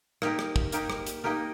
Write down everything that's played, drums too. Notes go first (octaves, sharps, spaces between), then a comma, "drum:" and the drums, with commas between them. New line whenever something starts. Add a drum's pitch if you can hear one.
A#3 D#4 G4 A#4, drum: rim click
drum: rim click
drum: kick
A#3 D#4 G4 A#4, drum: hi-hat
drum: rim click
drum: hi-hat
A#3 D#4 G4 A#4